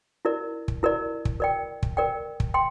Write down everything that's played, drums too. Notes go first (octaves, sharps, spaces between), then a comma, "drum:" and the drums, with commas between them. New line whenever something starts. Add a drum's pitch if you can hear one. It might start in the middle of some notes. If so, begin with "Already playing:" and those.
E4 A#4 D5
drum: kick
E4 A#4 D5
drum: kick
A#4 D5 G5
drum: kick
A#4 D5 G5
drum: kick
G5 C6